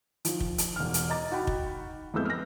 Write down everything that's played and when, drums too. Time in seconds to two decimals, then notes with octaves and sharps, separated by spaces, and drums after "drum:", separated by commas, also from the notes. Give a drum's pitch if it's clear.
0.25 D#3 F3, drum: hi-hat
0.40 drum: kick
0.58 drum: hi-hat
0.76 E1 F6
0.94 drum: hi-hat
1.10 D#5 A#5 D6 A6
1.31 D#4 F#4 F#5 G5 B5
1.47 drum: kick
2.14 F2 G#3 A3 B3 E6 G6
2.25 F6 A#6